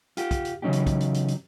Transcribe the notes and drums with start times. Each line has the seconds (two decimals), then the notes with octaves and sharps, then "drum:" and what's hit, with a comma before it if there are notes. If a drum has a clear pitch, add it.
0.17 F4 G4, drum: hi-hat
0.31 drum: kick, hi-hat
0.45 drum: hi-hat
0.62 C#3 E3 F#3 C#4 D#4 G4
0.73 drum: hi-hat
0.87 drum: kick, hi-hat
1.00 drum: hi-hat
1.14 drum: hi-hat
1.28 drum: hi-hat